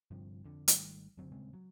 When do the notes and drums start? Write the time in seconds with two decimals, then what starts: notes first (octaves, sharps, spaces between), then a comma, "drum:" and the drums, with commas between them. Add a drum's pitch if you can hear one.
0.11 G1 G2 C3 F3
0.44 F2 D3
0.68 G#1 D#3 G3 A3, drum: hi-hat
1.17 F#1 D3 F#3 C4
1.32 D#1 C#3 G#3 C4
1.54 F#3